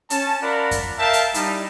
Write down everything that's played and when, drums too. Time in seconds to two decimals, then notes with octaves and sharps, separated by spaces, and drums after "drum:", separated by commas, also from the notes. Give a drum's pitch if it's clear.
0.10 C#4 A5, drum: hi-hat
0.42 F4 A#4 D5 F#5 A#5 B5
0.71 drum: kick F#2, hi-hat
0.99 A#4 E5 F5 G5 A5
1.13 drum: hi-hat
1.34 G3 D#4 E4, drum: hi-hat